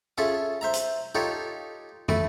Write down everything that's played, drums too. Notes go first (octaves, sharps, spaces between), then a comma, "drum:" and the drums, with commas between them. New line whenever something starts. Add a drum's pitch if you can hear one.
C#4 F4 G#4 A4 E5
C5 E5 A#5
drum: hi-hat
D#4 F4 G4 A4 C#5
A3 A4 B5, drum: tom